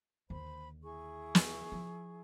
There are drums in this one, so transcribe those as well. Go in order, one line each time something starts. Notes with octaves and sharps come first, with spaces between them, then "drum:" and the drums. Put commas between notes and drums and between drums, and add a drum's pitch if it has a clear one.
D#2 D3 C5 B5
E4 G#4 C#6
drum: snare
F3